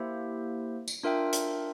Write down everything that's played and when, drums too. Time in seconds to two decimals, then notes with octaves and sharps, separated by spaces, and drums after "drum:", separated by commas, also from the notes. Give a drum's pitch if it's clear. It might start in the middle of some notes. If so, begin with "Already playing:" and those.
Already playing: A#3 E4 G4 C5 E5
0.88 drum: tambourine
1.03 D4 F4 A#4 E5 G5
1.33 drum: hi-hat